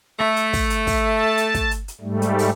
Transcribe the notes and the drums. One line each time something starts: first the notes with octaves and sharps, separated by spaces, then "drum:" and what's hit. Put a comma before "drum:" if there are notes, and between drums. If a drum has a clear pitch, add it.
A3, drum: rim click
drum: hi-hat
drum: kick, open hi-hat
drum: hi-hat
drum: kick, open hi-hat
A5
drum: hi-hat
drum: kick, hi-hat
drum: hi-hat
drum: hi-hat
G#2 G3 A3
drum: hi-hat
drum: open hi-hat